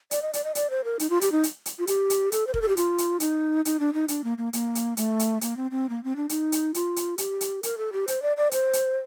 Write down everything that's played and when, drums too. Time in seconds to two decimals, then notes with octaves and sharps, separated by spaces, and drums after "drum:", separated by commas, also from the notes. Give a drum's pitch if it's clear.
0.11 D5, drum: hi-hat
0.22 D#5
0.33 D5, drum: hi-hat
0.44 D#5
0.55 D5, drum: hi-hat
0.70 C5
0.84 A#4
0.99 D#4, drum: hi-hat
1.10 F4
1.21 G4, drum: hi-hat
1.32 D#4
1.43 drum: hi-hat
1.66 drum: hi-hat
1.79 F4
1.87 G4, drum: hi-hat
2.10 drum: hi-hat
2.32 A4, drum: hi-hat
2.47 C5
2.54 A#4, drum: kick F1
2.62 A4
2.68 G4
2.77 F4, drum: hi-hat
2.98 drum: hi-hat
3.20 D#4, drum: hi-hat
3.65 D#4, drum: hi-hat
3.80 D4
3.94 D#4
4.08 D4, drum: hi-hat
4.24 A#3
4.38 A#3
4.53 A#3, drum: hi-hat
4.75 drum: hi-hat
4.97 A3, drum: hi-hat
5.19 drum: hi-hat
5.41 A#3, drum: hi-hat
5.57 C4
5.71 C4
5.89 A#3
6.04 C4
6.16 D4
6.29 D#4, drum: hi-hat
6.52 drum: hi-hat
6.74 F4, drum: hi-hat
6.96 drum: hi-hat
7.18 G4, drum: hi-hat
7.41 drum: hi-hat
7.63 A#4, drum: hi-hat
7.77 A4
7.92 G4
8.08 C5, drum: hi-hat
8.22 D5
8.37 D5
8.51 C5, drum: hi-hat
8.73 drum: hi-hat